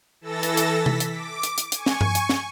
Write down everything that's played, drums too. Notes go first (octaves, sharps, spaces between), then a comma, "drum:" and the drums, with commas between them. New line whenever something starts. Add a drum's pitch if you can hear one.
E3 A4 E6 A6 A#6
drum: hi-hat
drum: hi-hat
B6
drum: tom C3
drum: hi-hat
D6
drum: hi-hat
drum: hi-hat
G#5 C#6, drum: hi-hat
drum: snare
drum: tom G2
drum: hi-hat
drum: snare